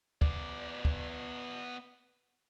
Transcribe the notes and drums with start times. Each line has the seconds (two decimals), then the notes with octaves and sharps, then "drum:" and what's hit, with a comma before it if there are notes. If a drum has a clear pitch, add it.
0.22 B3 D5, drum: kick
0.85 drum: kick